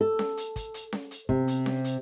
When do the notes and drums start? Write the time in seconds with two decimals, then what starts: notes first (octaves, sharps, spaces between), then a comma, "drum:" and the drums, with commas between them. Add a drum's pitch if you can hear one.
0.01 A4
0.19 drum: snare C#4
0.37 drum: hi-hat
0.56 drum: kick, hi-hat
0.74 drum: hi-hat
0.93 drum: snare C#4
1.11 drum: hi-hat
1.29 C3, drum: kick
1.48 drum: hi-hat
1.66 drum: snare C#4
1.84 drum: hi-hat